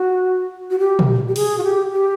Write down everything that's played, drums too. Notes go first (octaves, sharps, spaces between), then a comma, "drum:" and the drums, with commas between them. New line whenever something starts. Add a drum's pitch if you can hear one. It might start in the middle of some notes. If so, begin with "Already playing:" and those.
Already playing: F#4
F#4
G4
drum: tom
G4
G#4, drum: open hi-hat
F#4
G4
G4